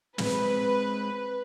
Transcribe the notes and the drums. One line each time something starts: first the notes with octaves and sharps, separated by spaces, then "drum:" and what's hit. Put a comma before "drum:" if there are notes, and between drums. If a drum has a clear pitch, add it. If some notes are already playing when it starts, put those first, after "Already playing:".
G#3 C4 B4, drum: snare